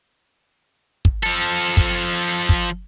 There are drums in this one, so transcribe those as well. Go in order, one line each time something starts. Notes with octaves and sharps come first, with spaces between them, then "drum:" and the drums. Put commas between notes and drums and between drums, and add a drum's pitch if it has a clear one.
drum: kick
F3 A4
drum: kick
drum: kick